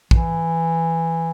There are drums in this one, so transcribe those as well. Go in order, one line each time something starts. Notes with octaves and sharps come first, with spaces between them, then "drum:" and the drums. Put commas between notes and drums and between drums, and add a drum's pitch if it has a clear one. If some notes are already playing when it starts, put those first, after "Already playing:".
E3, drum: kick